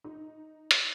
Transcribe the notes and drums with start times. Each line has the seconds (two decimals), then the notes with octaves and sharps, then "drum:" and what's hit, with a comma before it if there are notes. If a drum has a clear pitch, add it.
0.04 D#4
0.71 drum: hi-hat